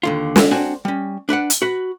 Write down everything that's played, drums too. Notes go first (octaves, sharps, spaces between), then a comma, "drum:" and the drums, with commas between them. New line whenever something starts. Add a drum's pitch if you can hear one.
D#2 D3 F4
drum: snare
C4 D4 F#4 G#5
G3 C#4
D4 B4 D5 F#5
drum: hi-hat
F#4 B4